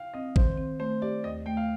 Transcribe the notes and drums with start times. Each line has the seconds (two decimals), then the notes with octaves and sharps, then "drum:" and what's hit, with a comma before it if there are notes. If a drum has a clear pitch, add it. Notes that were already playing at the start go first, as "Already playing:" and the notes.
Already playing: F5 G5
0.14 C4 D#5
0.36 D#3 C5, drum: kick G#1
0.58 C4
0.80 A3 C5
1.02 G4 D5
1.24 D#2 D#5
1.46 A3 G5
1.57 F5